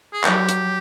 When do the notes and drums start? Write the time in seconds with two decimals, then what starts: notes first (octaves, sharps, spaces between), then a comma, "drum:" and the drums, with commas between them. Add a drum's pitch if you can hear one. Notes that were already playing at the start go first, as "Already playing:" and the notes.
0.13 G#4
0.24 F#3 G4, drum: clap
0.49 drum: hi-hat